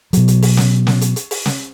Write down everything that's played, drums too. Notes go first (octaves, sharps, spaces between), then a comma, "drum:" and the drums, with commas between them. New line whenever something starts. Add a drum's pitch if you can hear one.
B2 F#3, drum: hi-hat
drum: hi-hat
drum: open hi-hat
drum: snare
drum: snare
drum: hi-hat
drum: hi-hat
drum: open hi-hat
drum: snare